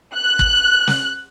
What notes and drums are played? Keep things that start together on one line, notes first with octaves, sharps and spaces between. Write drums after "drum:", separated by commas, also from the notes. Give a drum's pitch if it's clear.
F#6
drum: kick
drum: snare